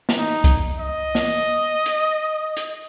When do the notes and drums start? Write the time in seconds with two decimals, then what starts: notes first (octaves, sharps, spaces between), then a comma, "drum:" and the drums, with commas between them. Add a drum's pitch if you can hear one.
0.09 drum: snare
0.18 D#4
0.44 drum: kick C2, hi-hat
0.80 D#5
1.15 drum: snare
1.86 drum: hi-hat
2.57 drum: hi-hat